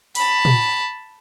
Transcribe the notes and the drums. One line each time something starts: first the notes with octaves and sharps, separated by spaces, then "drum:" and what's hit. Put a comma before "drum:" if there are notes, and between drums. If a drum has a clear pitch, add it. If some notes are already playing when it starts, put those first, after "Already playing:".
A5 B5, drum: open hi-hat
drum: tom